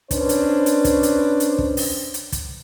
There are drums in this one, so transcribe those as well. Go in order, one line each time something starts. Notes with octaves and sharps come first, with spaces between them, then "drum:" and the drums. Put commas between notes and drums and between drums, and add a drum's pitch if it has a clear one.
C#4 D4 B4 C5, drum: kick, hi-hat
drum: hi-hat
drum: hi-hat
drum: kick, hi-hat
drum: hi-hat
drum: hi-hat
drum: kick
drum: open hi-hat
drum: hi-hat
drum: kick, hi-hat